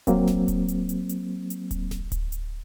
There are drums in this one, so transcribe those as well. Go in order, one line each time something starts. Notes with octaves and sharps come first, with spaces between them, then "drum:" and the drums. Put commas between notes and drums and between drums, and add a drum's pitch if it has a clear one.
F#3 A#3 C4, drum: kick D1, hi-hat
drum: snare G#1
drum: kick D1, hi-hat
drum: hi-hat
drum: hi-hat
drum: hi-hat
drum: hi-hat
drum: kick D1, hi-hat
drum: snare G#1
drum: kick D1, hi-hat
drum: hi-hat